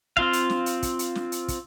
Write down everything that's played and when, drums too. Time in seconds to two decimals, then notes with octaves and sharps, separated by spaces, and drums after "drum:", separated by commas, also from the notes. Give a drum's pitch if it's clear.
0.17 C4 F4 F5, drum: kick
0.33 drum: hi-hat
0.50 drum: snare
0.66 drum: hi-hat
0.82 drum: kick, hi-hat
0.99 drum: hi-hat
1.15 drum: snare
1.32 drum: hi-hat
1.48 drum: kick, hi-hat